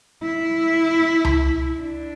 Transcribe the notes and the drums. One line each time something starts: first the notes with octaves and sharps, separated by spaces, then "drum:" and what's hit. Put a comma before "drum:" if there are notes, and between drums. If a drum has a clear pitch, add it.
E4
drum: tom C#2
D4